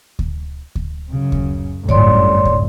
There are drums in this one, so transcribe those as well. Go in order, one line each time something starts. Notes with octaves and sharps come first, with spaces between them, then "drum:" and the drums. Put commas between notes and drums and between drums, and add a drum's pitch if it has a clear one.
drum: kick D2
drum: kick D2
F#2 C#3
drum: kick D2
G1 F#2 A2 C#5 D5 C6, drum: kick D2
drum: kick D2